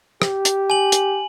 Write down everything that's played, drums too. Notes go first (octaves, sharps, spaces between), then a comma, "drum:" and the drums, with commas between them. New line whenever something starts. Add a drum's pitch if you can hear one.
G4, drum: rim click
drum: hi-hat
G#5 F#7
drum: hi-hat